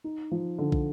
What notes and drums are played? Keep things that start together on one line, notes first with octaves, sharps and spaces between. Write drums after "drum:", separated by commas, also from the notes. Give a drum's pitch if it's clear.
D#4
F3
D3
drum: kick